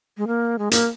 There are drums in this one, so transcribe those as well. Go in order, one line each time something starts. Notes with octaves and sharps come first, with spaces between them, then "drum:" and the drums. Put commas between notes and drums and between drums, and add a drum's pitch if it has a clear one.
G#3
A#3
G#3
A#3, drum: hi-hat